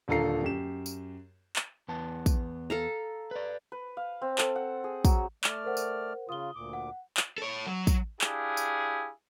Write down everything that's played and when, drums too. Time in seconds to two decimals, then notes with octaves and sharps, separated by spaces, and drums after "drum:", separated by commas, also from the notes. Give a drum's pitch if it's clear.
0.08 D#1 D3 F4 A4 A#5 C7
0.42 F#2 G4 E7
0.86 drum: tambourine
1.56 drum: clap
1.88 E2 B3 A5
2.26 drum: kick, tambourine
2.70 A4 F5 A#5
3.31 B4 D5
3.72 B4
3.97 F5
4.22 C4
4.38 A4, drum: clap
4.56 F#5
4.84 G#4
5.05 F#3, drum: kick, tambourine
5.44 A3 D5 F6, drum: clap
5.64 A#4 C5 F#5
5.77 drum: tambourine
6.29 C#3 F4 D#6 G7
6.55 D2 A#2 D6
6.73 F#5
7.17 drum: clap
7.38 A4 C#5
7.67 F#3
7.87 drum: kick, tambourine
8.21 D4 E4 G4 G#4 F5, drum: clap
8.57 drum: tambourine